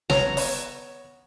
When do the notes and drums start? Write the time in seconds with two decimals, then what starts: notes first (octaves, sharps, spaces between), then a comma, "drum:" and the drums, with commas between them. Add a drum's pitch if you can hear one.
0.10 B3 C#5 A#5, drum: snare
0.37 drum: open hi-hat